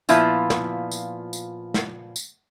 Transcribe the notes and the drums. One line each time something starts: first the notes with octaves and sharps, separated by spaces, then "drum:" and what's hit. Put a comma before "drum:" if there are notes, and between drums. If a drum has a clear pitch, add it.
A#2 F3 B3 E4 F4, drum: tambourine
drum: snare
drum: tambourine
drum: tambourine
drum: snare
drum: tambourine